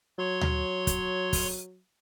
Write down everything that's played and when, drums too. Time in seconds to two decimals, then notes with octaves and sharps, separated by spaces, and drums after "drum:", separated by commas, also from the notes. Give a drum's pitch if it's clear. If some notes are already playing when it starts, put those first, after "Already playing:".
0.19 F#3 C#5 C6 G#6
0.41 drum: tom D2
0.87 drum: kick, hi-hat
1.33 drum: kick, open hi-hat